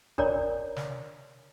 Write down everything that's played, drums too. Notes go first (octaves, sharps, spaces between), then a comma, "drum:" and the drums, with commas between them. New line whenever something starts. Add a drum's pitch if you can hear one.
D4 A#4 C#5 D5 A#5, drum: kick
drum: snare